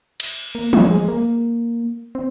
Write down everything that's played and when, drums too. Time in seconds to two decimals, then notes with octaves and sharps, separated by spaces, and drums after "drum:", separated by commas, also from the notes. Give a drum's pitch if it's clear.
0.20 drum: cymbal
0.55 A#3
0.73 F3, drum: tom
0.91 G#3
1.08 A#3
2.15 C4